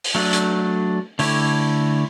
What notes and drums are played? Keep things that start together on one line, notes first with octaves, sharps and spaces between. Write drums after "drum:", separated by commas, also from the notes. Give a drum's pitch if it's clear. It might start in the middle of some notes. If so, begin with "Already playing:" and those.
drum: open hi-hat
F#3 A3 D4
drum: hi-hat
D3 A3 E4 G4 C#5, drum: open hi-hat